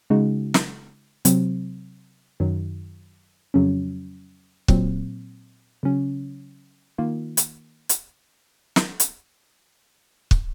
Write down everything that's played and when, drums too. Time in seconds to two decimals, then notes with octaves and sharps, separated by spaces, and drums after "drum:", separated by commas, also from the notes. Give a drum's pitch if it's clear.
0.10 C#3 G#3 D#4 F#4
0.54 drum: snare
1.25 C3 F#3 C4, drum: hi-hat
2.40 F#2 D#3 F#3
3.54 F2 C#3 F#3 C#4
4.68 A#2 F#3 C4, drum: kick
5.83 C#3 F#3 C#4
6.98 D#3 A#3 F4
7.37 drum: hi-hat
7.89 drum: hi-hat
8.76 drum: snare
9.00 drum: hi-hat
10.31 drum: kick